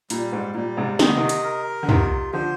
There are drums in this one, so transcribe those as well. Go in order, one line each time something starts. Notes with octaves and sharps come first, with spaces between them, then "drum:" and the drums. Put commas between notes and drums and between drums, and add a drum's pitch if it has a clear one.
A#2 G3, drum: hi-hat
G#2
A#2 G3
G#2 C3
D#3 D#5, drum: snare A3
D3
C3 D#3
drum: hi-hat
A#4
D3
C3 D#3 F4, drum: tom
D3 F3 C5